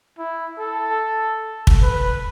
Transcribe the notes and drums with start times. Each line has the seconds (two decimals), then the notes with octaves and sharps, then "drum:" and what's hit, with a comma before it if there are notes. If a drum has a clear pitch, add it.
0.18 E4
0.59 A4
1.67 drum: kick
1.82 B4